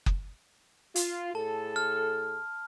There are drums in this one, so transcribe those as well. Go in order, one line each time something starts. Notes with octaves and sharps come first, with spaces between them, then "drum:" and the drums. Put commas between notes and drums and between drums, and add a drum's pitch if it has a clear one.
drum: kick F#1
F4, drum: hi-hat
A2 G#4 A4 A5
F6